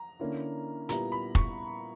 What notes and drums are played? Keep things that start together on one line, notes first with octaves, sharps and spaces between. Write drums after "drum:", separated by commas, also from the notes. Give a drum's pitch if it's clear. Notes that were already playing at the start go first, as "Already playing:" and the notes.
Already playing: A#5
D3 A#3 C#4 E4
A#2 G3 B3 E4 A#5, drum: hi-hat
B5
C#6, drum: kick F1